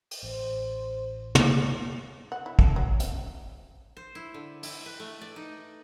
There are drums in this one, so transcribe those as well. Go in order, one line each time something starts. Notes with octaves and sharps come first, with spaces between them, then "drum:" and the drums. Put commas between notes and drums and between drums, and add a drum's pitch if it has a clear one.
drum: open hi-hat
A1 C5
D2 D3, drum: tom
F#5
E4
A4, drum: kick
F#3
drum: hi-hat
C5
E4
D3
E4, drum: open hi-hat
B4
A3
D5
D#4